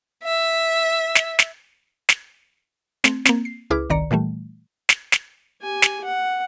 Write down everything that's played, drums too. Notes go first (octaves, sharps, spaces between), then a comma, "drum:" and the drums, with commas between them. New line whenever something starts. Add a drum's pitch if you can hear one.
E5
drum: snare
drum: snare
drum: snare
A3 C4, drum: snare
A#3 C4, drum: snare
C7
C#2 E4 G#4 B4 D6 F6
G1 C2 D#3 D5 A#5 C#7
A#2 E3 G3 A3
drum: snare
drum: snare
G4 G#5
drum: snare
F#5